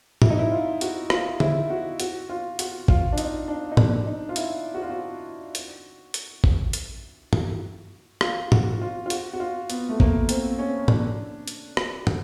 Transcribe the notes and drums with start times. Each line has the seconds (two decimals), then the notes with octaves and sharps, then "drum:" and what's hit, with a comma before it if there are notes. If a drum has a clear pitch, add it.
0.22 E4, drum: tom
0.30 D#4
0.39 E4
0.52 F4
0.81 F#4, drum: hi-hat
1.10 F4, drum: rim click
1.40 E4, drum: tom
1.70 F#4
2.00 F#4, drum: hi-hat
2.29 F4
2.59 F#4, drum: hi-hat
2.88 F4, drum: kick
3.13 D4
3.18 D#4, drum: hi-hat
3.48 D4
3.71 D#4
3.77 D4, drum: tom
4.06 D#4
4.29 F4
4.36 E4, drum: hi-hat
4.75 F#4
4.82 F4
4.90 F#4
5.55 drum: hi-hat
6.14 drum: hi-hat
6.44 drum: kick
6.73 drum: hi-hat
7.33 drum: tom
8.21 F4, drum: rim click
8.52 F#4, drum: tom
8.81 F4
9.06 F4
9.10 F#4, drum: hi-hat
9.33 F#4
9.40 F4
9.70 B3, drum: hi-hat
9.89 A3
10.00 A#3, drum: kick
10.29 C4, drum: hi-hat
10.59 C#4
10.88 D4, drum: tom
11.48 drum: hi-hat
11.77 drum: rim click
12.07 drum: tom